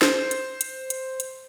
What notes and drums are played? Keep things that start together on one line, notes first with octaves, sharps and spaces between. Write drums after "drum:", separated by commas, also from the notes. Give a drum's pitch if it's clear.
C5, drum: snare
drum: hi-hat
drum: hi-hat
drum: hi-hat
drum: hi-hat